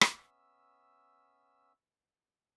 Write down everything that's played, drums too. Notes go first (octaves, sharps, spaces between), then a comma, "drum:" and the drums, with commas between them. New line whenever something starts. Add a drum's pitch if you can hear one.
B3 C#4 E5 E6, drum: rim click